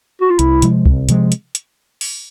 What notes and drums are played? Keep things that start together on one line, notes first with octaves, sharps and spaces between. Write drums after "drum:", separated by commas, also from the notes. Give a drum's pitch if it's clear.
F#4
F4
C2 E4, drum: hi-hat
C3 F3 G#3, drum: hi-hat
C2, drum: kick C2
C3 F3 G#3, drum: hi-hat
drum: hi-hat
drum: hi-hat
drum: open hi-hat